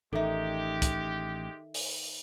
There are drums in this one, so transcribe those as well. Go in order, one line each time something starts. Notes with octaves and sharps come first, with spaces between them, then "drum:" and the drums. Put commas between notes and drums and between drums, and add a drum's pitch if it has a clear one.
A1 D#3 G#3 D#4 G4 A4 E5
drum: kick, hi-hat
drum: open hi-hat